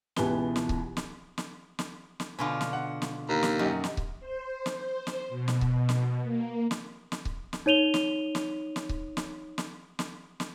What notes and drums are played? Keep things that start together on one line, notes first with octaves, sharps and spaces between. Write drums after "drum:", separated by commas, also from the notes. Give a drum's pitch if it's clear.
C#2 B2 E3 G4 B4 G7, drum: snare
drum: snare
drum: kick C#1
drum: snare
drum: snare
drum: snare
drum: snare
B2 D3 F4 G#5 B5 D6
drum: snare
F#5
drum: snare
D#2 A#5 B5
drum: snare
F#2 D#4 G4 D#5
drum: snare
drum: kick C#1
C5
drum: snare
C5
drum: snare
B2
drum: snare
drum: kick C#1
drum: snare
A#3
drum: snare
drum: snare
drum: kick C#1
drum: snare
D#4 C#5 D#7 F7 G7
drum: snare
drum: snare
drum: snare
drum: kick C#1
drum: snare
drum: snare
drum: snare
drum: snare